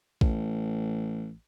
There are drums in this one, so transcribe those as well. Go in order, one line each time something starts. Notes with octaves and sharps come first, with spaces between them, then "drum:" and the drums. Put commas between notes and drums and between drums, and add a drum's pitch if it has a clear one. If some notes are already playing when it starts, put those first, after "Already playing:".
A1, drum: kick A#1